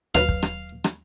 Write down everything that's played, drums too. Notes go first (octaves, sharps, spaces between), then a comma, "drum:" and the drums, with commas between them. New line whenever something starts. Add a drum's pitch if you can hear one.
D#2 F#3 B4 F5, drum: rim click
drum: kick
drum: rim click
drum: rim click